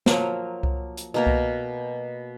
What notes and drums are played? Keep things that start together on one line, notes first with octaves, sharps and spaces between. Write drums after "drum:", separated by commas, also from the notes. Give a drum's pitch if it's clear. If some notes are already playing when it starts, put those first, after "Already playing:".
F3 F#3 A#3, drum: snare
drum: kick C2
drum: hi-hat
B2 A#3 A#4
drum: kick C2